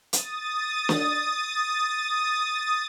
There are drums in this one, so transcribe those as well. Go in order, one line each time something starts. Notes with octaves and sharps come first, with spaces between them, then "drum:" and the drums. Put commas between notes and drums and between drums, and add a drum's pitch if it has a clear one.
D#6 A6, drum: hi-hat
drum: snare